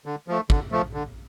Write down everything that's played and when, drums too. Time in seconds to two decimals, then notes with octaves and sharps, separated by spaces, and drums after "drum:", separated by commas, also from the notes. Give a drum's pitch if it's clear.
0.06 D3
0.28 F3 A3
0.50 D3, drum: kick
0.72 F3 A3
0.93 D3